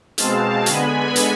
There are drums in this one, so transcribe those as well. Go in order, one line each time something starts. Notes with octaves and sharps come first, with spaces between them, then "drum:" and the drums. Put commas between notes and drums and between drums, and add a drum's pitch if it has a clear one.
B2 G#3 C4 F5 A5, drum: hi-hat
D3 G#3 B3 G#5 B5, drum: hi-hat
drum: hi-hat